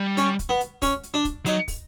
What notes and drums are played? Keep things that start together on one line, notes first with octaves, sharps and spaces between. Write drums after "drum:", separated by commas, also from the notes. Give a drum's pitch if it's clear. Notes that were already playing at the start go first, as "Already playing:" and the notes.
Already playing: G3
C#4, drum: hi-hat
drum: kick, hi-hat
B3
drum: hi-hat
C#4, drum: kick, open hi-hat
drum: hi-hat
D4
drum: kick, hi-hat
F#3 D#4, drum: hi-hat
drum: kick, open hi-hat